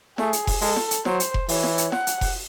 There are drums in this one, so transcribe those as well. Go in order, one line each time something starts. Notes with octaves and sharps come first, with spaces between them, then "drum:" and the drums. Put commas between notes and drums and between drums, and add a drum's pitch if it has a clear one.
A3 G#4, drum: snare
drum: hi-hat
drum: kick F1, open hi-hat
G#3 A4, drum: open hi-hat
drum: snare
drum: hi-hat
F#3 C5, drum: snare
drum: hi-hat
drum: kick F1
E3 C#5, drum: open hi-hat
drum: snare
drum: hi-hat
F#5, drum: snare
drum: hi-hat
drum: kick F1, open hi-hat